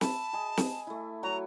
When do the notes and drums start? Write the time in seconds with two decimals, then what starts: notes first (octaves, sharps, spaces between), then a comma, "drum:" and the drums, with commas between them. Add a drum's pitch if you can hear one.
0.01 E5 A5 B5, drum: snare
0.33 G#4 D#5
0.57 drum: snare
0.87 A3 E4
1.23 F#3 F#4 A#5